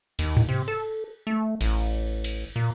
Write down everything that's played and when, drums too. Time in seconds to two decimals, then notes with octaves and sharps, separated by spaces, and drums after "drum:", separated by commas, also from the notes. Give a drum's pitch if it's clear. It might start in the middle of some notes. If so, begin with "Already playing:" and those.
0.19 D#2, drum: cymbal
0.37 drum: tom G#2
0.49 C3
0.68 A4
1.27 A3
1.61 A1, drum: cymbal
2.24 drum: cymbal
2.56 A#2